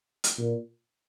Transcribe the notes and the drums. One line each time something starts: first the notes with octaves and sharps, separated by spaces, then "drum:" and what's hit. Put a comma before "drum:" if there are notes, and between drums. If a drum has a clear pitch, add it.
drum: hi-hat
A#2